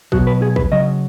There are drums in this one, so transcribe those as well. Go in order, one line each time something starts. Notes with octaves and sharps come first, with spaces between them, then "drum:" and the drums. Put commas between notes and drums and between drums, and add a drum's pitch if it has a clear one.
B2 F#3 F#4, drum: kick
B4
G#4
B4, drum: kick
C#3 F#3 D#5